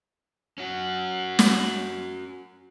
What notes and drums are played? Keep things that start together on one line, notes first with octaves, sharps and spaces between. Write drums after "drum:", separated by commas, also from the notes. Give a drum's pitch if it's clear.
C#4 F#4
drum: snare